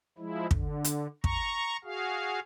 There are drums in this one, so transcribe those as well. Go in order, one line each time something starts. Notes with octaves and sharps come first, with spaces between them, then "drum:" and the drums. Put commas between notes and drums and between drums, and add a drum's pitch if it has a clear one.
F3 G#3 E4
D3, drum: kick
drum: hi-hat
A#5 C#6, drum: kick
F#4 G#4 F5